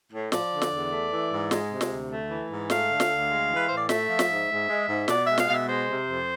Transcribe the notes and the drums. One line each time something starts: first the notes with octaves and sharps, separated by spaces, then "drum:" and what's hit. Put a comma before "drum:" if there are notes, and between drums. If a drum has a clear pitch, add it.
A2
F3 D5, drum: snare
D3
drum: snare
E2
A3
E3
G#2
G#3, drum: snare
C3
drum: snare
D2
A3
E3
G#2
A3 F5, drum: snare
D3
drum: snare
D2
G#3
E3
B4
A2 C5
D5
A3 E5, drum: snare
F3
drum: snare
G#2
G#2
G#3
G#2
B2 D5, drum: snare
G#3 E5
F5, drum: snare
B2 E5 F5
G#3 C5
C3
F2